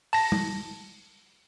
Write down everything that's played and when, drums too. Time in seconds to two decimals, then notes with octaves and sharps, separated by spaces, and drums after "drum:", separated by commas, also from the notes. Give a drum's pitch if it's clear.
0.13 A5 A#6, drum: open hi-hat
0.32 drum: tom